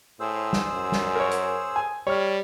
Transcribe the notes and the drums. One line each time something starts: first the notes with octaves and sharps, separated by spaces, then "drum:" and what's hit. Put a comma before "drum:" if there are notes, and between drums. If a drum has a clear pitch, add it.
A2 G#4 C5 E6
drum: snare
F#2
drum: snare
A#4 C#5
drum: hi-hat
G#5
G3 C#5 F6